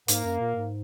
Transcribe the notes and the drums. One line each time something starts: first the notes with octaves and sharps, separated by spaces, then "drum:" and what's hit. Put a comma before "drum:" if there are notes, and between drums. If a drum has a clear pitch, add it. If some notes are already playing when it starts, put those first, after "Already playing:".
G#2 A#3, drum: hi-hat
F#2
A#2
G#2